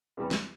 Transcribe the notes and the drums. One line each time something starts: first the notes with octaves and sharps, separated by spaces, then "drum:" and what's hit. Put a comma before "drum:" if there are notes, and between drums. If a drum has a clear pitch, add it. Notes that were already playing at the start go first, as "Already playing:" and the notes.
E2 C3 E3 G3
drum: snare